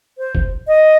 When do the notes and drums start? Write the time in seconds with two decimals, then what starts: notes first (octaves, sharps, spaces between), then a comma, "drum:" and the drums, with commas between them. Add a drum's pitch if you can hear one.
0.18 C5
0.35 drum: kick
0.67 D#5